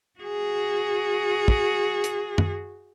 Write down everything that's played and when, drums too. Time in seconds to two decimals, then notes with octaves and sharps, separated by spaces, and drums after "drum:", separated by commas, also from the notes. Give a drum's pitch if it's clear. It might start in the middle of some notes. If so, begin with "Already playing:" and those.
0.20 F#4 G#4
1.48 drum: kick
2.04 drum: hi-hat
2.38 drum: tom